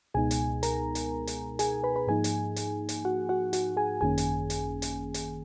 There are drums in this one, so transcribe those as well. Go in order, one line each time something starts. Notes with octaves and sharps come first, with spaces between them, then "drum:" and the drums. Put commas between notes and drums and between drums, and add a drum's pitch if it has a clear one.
C#2 B2 G#3 B3 D#4 G#4 G#5
drum: hi-hat
A#4 A#5, drum: hi-hat
drum: hi-hat
drum: hi-hat
G#4 G#5, drum: hi-hat
B4 B5
B4 B5
G#2 F3 A#3 D#4 G#4 G#5
drum: hi-hat
drum: hi-hat
drum: hi-hat
F#4 F#5
F#4 F#5
F#4 F#5, drum: hi-hat
G#4 G#5
G#1 F#2 D#3 A#3 C#4 G#4 G#5
drum: hi-hat
drum: hi-hat
drum: hi-hat
drum: hi-hat